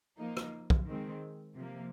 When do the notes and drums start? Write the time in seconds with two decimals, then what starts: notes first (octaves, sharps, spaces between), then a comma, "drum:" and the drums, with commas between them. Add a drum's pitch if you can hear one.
0.19 F3 A#3 D#4
0.37 drum: rim click
0.70 drum: kick
0.87 D#3 G#3 C4
1.56 C3 F3 A#3